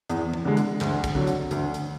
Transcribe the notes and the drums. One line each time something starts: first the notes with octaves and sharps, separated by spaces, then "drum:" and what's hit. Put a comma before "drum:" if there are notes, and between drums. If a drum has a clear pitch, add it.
E2, drum: hi-hat
drum: tom E3
D3 G#3
drum: hi-hat
D2, drum: clap
drum: kick, hi-hat
D3 F#3
drum: hi-hat
D2, drum: hi-hat
drum: hi-hat